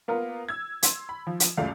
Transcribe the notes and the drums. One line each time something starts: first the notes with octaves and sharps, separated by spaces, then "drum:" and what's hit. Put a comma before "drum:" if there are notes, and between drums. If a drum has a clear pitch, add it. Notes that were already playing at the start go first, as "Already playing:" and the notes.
A#3 B3 F4 A#4
E6 G#6
C6, drum: hi-hat
B5
F3
drum: hi-hat
F1 C#2 F#2 A3 D5 F5